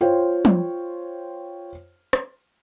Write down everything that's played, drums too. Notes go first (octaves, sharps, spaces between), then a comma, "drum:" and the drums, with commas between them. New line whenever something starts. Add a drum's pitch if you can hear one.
F4 C5 C#5 F5 G5
drum: tom
drum: rim click